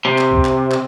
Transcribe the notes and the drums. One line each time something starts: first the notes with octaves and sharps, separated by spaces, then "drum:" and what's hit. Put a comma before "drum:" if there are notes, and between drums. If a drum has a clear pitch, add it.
C3
drum: clap
drum: kick C#2
drum: clap
drum: clap